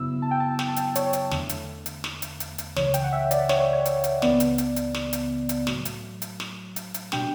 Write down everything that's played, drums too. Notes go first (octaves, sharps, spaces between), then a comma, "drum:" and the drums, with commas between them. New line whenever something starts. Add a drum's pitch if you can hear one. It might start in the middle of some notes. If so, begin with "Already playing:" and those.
Already playing: F#2 C#3 F#3 B3 E4 E6
A5
G5
A5
G5, drum: snare
A5
G5, drum: hi-hat
C#5, drum: hi-hat
drum: hi-hat
E2 D3 A3, drum: snare
drum: hi-hat
drum: hi-hat
drum: snare
drum: hi-hat
drum: hi-hat
drum: hi-hat
C#2 C#3 E3 C#5, drum: snare
G5, drum: hi-hat
F#5
E5
D5, drum: hi-hat
C#5, drum: snare
C#5
drum: hi-hat
drum: hi-hat
C#2 C#3 E3 B3 D5, drum: snare
drum: hi-hat
drum: hi-hat
drum: hi-hat
drum: snare
drum: hi-hat
drum: hi-hat
A2 F#3 A3, drum: snare
drum: hi-hat
drum: hi-hat
drum: snare
drum: hi-hat
drum: hi-hat
B2 G3 D4 G5, drum: snare